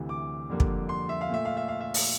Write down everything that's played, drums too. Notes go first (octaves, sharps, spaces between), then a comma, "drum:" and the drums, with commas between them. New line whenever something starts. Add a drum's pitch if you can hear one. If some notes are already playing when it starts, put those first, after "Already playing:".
Already playing: D2 C3 E3
D6
F2 D3 G3 A#3
drum: kick
C6
E5
F5
A#2 A3 E5
F5
E5
F5
E5
drum: open hi-hat